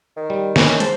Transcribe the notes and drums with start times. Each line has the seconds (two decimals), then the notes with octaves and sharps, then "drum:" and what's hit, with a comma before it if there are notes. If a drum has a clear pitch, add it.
0.17 D#3
0.30 G3
0.56 E3 A#3 C#4 B4, drum: snare
0.80 G#3 C5 A5, drum: hi-hat